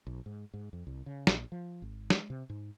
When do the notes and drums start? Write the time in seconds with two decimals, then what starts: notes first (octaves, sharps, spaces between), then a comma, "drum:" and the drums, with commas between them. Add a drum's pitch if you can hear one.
0.07 B1
0.26 G#2
0.54 G#2
0.73 F2
0.87 C2
1.06 C#3
1.27 A#1, drum: snare
1.52 F3
1.82 G#1
2.10 G#3, drum: snare
2.30 C3
2.50 G#2